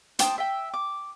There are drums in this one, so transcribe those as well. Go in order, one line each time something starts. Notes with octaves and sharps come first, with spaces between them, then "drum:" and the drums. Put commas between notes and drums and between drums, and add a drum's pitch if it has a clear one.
C5 G5 A5 D#6, drum: hi-hat
E5 G5
D6